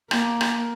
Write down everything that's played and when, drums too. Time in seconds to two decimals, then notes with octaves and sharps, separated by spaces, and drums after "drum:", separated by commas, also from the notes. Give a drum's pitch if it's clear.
0.11 A#3, drum: rim click
0.41 drum: rim click